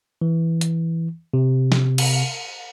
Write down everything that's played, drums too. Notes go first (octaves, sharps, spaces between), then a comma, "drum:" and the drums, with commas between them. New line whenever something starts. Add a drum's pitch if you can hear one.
E3
drum: hi-hat
C3
drum: snare
drum: cymbal